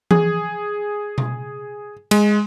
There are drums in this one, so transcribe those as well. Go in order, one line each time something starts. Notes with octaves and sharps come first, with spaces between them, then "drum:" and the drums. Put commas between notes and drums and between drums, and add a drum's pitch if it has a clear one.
G#4, drum: tom E3
drum: tom B2
G#3, drum: cymbal